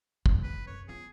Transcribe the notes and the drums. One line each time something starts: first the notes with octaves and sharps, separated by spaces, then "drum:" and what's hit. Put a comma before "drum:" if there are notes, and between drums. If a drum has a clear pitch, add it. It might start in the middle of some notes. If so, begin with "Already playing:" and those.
F#1 E2, drum: kick
B4
F#2 C#4 C#5
B3 F4 G#4